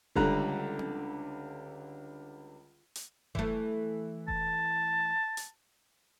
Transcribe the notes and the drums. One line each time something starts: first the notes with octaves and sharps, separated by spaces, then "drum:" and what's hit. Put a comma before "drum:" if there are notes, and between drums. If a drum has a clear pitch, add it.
C#2 D3 G3 A#5 F#6, drum: kick F1
drum: tom C4
drum: hi-hat
E3 A3, drum: kick F1
A5, drum: kick F1
drum: hi-hat